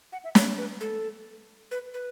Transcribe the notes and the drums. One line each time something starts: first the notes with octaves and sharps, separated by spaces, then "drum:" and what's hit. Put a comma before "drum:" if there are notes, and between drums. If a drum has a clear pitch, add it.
F#5
E5
C#5, drum: snare
B4
A4
B4
B4